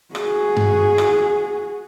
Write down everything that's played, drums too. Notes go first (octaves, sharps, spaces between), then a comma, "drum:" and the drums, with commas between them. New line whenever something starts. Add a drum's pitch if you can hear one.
F#4 G#4, drum: rim click
drum: tom G2
drum: rim click